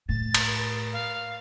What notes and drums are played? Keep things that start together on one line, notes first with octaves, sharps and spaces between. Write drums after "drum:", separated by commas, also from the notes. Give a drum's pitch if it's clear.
A2 A6
drum: cymbal
F5